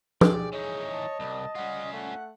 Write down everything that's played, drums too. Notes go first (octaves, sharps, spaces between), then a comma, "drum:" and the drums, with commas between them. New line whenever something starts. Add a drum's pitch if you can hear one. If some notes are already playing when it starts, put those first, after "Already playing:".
G4 G#4 D5, drum: tom F3
E3 D#4 C#5 D#5
A5
C2 G3
G3 C#4 F4 F#5
A3 F#5